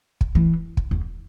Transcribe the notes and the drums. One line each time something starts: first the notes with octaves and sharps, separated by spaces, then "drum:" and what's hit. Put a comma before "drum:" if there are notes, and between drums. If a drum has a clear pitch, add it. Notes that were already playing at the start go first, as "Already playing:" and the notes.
drum: kick
E3
drum: kick
E2